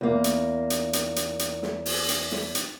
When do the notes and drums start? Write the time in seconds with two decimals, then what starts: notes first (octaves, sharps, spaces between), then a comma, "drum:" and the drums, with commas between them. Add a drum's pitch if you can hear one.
0.01 E2 A#3
0.24 drum: hi-hat
0.70 drum: hi-hat
0.93 drum: hi-hat
1.16 drum: hi-hat
1.39 drum: hi-hat
1.62 drum: snare
1.86 drum: open hi-hat
2.09 drum: hi-hat
2.32 drum: snare
2.55 drum: hi-hat